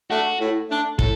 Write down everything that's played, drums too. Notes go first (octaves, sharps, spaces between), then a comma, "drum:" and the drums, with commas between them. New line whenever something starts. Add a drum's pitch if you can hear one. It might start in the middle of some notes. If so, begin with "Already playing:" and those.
A3 D4 F#4
A2
A3 D4
A2 A4, drum: kick